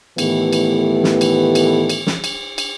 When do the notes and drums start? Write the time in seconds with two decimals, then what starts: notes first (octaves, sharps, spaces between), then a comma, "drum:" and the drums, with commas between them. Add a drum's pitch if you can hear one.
0.18 A2 D#3 E3 A3 B3 G4, drum: cymbal
0.53 drum: cymbal
1.04 drum: snare
1.21 drum: cymbal
1.55 drum: cymbal
1.90 drum: cymbal
2.07 drum: snare
2.24 drum: cymbal
2.58 drum: cymbal